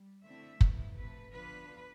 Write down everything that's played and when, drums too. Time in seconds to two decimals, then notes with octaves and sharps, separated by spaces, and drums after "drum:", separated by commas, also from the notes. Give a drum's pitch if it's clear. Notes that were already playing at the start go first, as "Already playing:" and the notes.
Already playing: G3
0.25 D3 A3 C4 E4 E5
0.61 F3 B3 E4, drum: kick
0.96 C3 F3 A3 B4
1.32 D3 F3 B3 D4 F4 B4